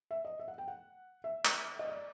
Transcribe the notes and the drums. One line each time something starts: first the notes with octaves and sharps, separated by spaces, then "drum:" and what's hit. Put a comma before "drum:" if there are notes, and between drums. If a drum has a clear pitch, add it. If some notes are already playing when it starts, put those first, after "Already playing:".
E5
D#5
E5
F#5
G5
F#5
E5
drum: clap
D#5
D5